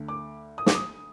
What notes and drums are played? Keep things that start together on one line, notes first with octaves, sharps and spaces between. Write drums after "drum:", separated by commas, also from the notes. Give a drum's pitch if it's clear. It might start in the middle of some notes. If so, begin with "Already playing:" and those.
Already playing: D2 D3
D6
D#6
D6, drum: snare
D#6